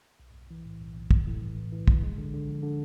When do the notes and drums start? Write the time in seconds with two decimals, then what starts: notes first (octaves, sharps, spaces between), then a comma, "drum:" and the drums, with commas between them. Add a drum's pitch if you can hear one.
0.20 B1
0.35 B1
0.51 E3
0.66 A2
0.80 B1
0.96 B1
1.11 B1, drum: kick
1.27 A2
1.41 E3
1.57 E3
1.72 E3
1.88 B1, drum: kick
2.02 G#3
2.18 D3
2.34 D3
2.49 F3
2.63 D3